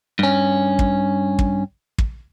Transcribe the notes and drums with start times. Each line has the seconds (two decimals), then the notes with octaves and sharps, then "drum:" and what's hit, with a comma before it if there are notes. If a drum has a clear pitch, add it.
0.19 G2 C#4
0.79 drum: kick
1.39 drum: kick
1.98 drum: kick